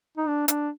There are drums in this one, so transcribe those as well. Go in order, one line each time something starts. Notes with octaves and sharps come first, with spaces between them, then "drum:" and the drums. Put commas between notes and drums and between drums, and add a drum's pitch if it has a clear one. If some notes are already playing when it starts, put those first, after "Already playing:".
D#4
D4
D4, drum: hi-hat